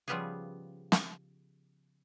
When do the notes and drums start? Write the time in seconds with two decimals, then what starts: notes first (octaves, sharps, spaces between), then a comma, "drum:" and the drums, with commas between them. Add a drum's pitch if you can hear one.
0.08 C#3 F3 G3 B3 G4 G#4
0.92 drum: snare